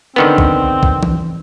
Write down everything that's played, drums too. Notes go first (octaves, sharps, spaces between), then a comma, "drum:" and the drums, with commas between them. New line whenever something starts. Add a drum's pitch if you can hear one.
D3 D#3 B3 C4
drum: kick
drum: kick
drum: tom E3